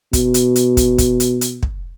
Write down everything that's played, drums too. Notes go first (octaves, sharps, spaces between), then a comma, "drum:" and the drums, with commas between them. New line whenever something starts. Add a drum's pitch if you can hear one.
B2, drum: kick, hi-hat
drum: hi-hat
drum: hi-hat
drum: kick, hi-hat
drum: kick, hi-hat
drum: hi-hat
drum: hi-hat
drum: kick